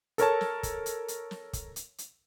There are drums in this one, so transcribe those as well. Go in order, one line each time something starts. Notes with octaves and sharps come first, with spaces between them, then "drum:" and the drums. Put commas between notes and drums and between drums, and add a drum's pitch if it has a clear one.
A4 A#4 C#5 A5, drum: hi-hat
drum: snare
drum: kick, hi-hat
drum: hi-hat
drum: hi-hat
drum: snare
drum: kick, hi-hat
drum: hi-hat
drum: hi-hat